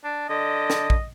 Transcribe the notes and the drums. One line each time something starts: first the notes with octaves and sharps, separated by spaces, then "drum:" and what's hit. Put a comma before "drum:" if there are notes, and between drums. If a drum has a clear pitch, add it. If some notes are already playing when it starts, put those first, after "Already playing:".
D4
D3 D#5
drum: snare
drum: kick A#1